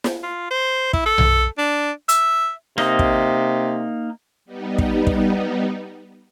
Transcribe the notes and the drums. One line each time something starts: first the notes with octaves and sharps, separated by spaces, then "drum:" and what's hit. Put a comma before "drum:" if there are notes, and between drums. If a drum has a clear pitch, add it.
drum: snare
F4
C5
E4, drum: kick
A4
drum: tom B1
D4
E5, drum: hi-hat
C3 A#3 D#4 D#5, drum: rim click
drum: kick
G3 B3 D#4
drum: kick
drum: kick